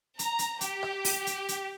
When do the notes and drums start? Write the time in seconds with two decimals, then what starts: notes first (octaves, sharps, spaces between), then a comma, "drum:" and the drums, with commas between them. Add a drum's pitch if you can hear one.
0.19 A#5, drum: hi-hat
0.39 drum: hi-hat
0.61 G4, drum: hi-hat
0.83 drum: rim click
1.05 drum: open hi-hat
1.27 drum: hi-hat
1.48 drum: hi-hat